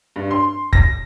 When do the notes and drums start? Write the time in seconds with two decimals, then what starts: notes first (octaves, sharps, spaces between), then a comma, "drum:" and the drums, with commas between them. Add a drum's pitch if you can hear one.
0.16 G2
0.31 C6
0.73 A#6, drum: kick